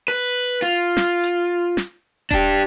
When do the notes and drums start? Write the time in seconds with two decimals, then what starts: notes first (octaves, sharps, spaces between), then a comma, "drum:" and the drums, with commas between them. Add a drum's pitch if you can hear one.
0.08 B4
0.62 F4
0.97 drum: snare
1.23 drum: hi-hat
1.77 drum: snare
2.31 D4 G4, drum: kick D#1, hi-hat